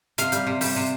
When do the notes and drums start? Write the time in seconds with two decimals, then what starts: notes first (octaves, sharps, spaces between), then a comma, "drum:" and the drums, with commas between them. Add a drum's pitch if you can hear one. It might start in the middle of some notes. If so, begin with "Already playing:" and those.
0.18 C3 F5, drum: hi-hat
0.32 G3, drum: hi-hat
0.47 C3
0.61 G3, drum: open hi-hat
0.76 C3